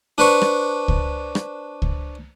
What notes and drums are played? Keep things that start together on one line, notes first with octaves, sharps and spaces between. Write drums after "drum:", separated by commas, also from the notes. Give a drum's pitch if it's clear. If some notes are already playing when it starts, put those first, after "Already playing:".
D4 B4 C5 C#6
drum: rim click
drum: kick C#2
drum: rim click
drum: kick C#2